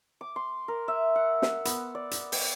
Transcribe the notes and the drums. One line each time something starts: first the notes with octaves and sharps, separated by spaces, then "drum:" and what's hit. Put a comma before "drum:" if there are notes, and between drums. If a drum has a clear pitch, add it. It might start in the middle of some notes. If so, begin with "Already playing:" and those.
D6
C6
A#4
E5
F#5
drum: snare
B3, drum: hi-hat
D5
drum: hi-hat
G5, drum: open hi-hat